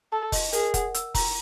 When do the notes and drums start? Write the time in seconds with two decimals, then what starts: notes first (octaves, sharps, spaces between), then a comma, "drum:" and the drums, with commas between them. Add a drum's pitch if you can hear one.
0.12 A4 A5
0.32 D#5, drum: kick, open hi-hat
0.53 G#4 A#4, drum: hi-hat
0.74 F#5, drum: kick, hi-hat
0.94 E6, drum: hi-hat
1.15 A#5, drum: kick, open hi-hat